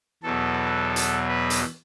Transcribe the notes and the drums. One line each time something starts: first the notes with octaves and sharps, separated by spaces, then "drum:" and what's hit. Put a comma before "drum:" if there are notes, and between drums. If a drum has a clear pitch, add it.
E2 B2 F#3 A4
drum: hi-hat
B4
drum: hi-hat